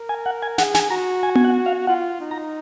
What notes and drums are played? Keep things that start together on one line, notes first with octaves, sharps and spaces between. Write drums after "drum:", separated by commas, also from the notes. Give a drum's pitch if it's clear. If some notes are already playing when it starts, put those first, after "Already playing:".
Already playing: A#4
G#5
F#5
G#5
G#4 F#5, drum: snare
G#5, drum: snare
F#4 A#5
G#5
G#5, drum: tom B3
F#5
F5
F4 F#5
D#4
A#5